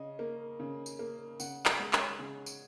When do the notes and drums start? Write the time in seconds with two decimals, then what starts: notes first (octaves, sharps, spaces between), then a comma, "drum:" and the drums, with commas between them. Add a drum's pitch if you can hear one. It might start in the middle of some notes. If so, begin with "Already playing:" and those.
Already playing: C#3 D#5
0.19 A#3
0.60 C#3
0.86 drum: tambourine
0.99 A#3
1.40 C#3 F#5, drum: tambourine
1.66 F#5, drum: clap
1.80 G#3
1.93 C#5, drum: clap
2.19 C#3 G#4
2.46 drum: tambourine